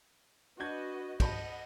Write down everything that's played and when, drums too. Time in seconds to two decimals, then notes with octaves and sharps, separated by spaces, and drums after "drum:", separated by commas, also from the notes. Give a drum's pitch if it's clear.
0.60 D4 F#4 B4 D#5 G6 G#6
1.20 D#5 F#5 A5 B5 G6, drum: kick, cymbal